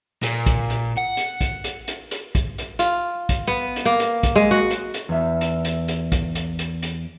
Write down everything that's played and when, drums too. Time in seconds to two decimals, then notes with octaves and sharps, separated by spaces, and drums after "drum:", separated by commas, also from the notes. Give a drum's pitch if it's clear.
0.23 A#2, drum: hi-hat
0.46 drum: kick, hi-hat
0.70 drum: hi-hat
0.98 F#5
1.17 drum: hi-hat
1.41 drum: kick, hi-hat
1.64 drum: hi-hat
1.88 drum: hi-hat
2.11 drum: hi-hat
2.35 drum: kick, hi-hat
2.58 drum: hi-hat
2.79 F4, drum: hi-hat
3.29 drum: kick, hi-hat
3.47 B3
3.76 drum: hi-hat
3.85 A#3
4.00 drum: hi-hat
4.23 drum: kick, hi-hat
4.36 G#3
4.51 F#4
4.70 drum: hi-hat
4.94 drum: hi-hat
5.09 E2 E5
5.41 drum: hi-hat
5.65 drum: hi-hat
5.88 drum: hi-hat
6.12 drum: kick, hi-hat
6.35 drum: hi-hat
6.59 drum: hi-hat
6.82 drum: hi-hat